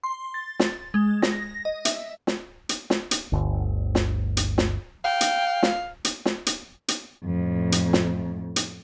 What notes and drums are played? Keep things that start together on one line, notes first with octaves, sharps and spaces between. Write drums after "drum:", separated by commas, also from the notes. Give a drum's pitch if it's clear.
C6
A6
drum: snare
G#3
A#6, drum: snare
D#5
E5, drum: hi-hat
drum: snare
drum: hi-hat
drum: snare
drum: hi-hat
G1 D2
drum: snare
drum: hi-hat
drum: snare
F5 G5
drum: hi-hat
drum: snare
drum: hi-hat
drum: snare
drum: hi-hat
drum: hi-hat
F2 A2
drum: hi-hat
drum: snare
drum: hi-hat